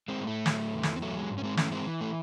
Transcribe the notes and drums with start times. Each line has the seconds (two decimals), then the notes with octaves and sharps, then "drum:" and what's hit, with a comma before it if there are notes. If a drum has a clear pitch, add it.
0.08 G#3 C4
0.18 A2
0.27 A3
0.46 F#3, drum: snare
0.74 E2
0.83 drum: snare
0.96 C4
1.02 F#3 A3
1.17 G#3
1.31 G#2
1.38 C#4
1.44 G#3 C4
1.57 E3 A3 C#4, drum: snare
1.72 G#3 C4
1.86 E3
2.01 A3